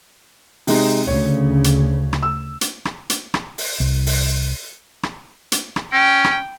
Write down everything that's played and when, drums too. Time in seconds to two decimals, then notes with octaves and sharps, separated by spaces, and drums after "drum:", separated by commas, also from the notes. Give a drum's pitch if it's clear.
0.67 C3 G#3 D#4, drum: open hi-hat
1.07 D2 C#3 C#5
1.64 drum: hi-hat
2.13 drum: rim click
2.23 E6
2.61 drum: hi-hat
2.85 drum: rim click
3.10 drum: hi-hat
3.34 drum: rim click
3.58 drum: open hi-hat
3.80 C2
4.06 drum: open hi-hat
5.03 drum: rim click
5.52 drum: hi-hat
5.76 drum: rim click
5.92 C#4 G5
6.24 drum: rim click